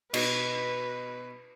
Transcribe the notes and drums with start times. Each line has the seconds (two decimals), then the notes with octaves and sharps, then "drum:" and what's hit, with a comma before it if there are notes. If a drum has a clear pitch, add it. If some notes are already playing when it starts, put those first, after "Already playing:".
0.14 B2 B4, drum: cymbal